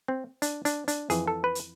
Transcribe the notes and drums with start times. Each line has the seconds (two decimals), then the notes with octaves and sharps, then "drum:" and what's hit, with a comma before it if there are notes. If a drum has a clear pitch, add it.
0.08 C4
0.42 D4, drum: hi-hat
0.65 D4, drum: hi-hat
0.88 D4, drum: hi-hat
1.10 F2 E3 G#4, drum: hi-hat
1.28 A4
1.44 B4
1.55 drum: hi-hat